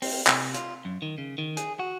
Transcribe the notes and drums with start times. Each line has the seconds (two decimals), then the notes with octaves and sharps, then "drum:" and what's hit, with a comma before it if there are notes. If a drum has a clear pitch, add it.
0.02 C4, drum: open hi-hat
0.27 C3, drum: clap
0.54 F4, drum: hi-hat
0.85 F#2
1.02 D#3
1.18 C#3
1.38 D#3
1.57 G#4, drum: hi-hat
1.79 F#4